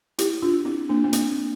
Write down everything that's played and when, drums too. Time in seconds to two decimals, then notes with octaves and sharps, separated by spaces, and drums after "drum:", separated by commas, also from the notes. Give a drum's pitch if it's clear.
0.19 E4 G4, drum: hi-hat
0.42 D4 F4
0.65 C4 E4
0.89 A#3 D4
1.04 A#3
1.13 C4, drum: hi-hat